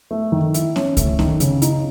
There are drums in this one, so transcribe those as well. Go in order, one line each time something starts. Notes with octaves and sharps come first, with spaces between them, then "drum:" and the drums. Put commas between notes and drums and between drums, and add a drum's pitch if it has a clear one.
A3
D#3
E4, drum: hi-hat
C#4, drum: snare B3
A3, drum: kick C#2, hi-hat
D#3, drum: snare B3
C#3, drum: hi-hat
D#4, drum: hi-hat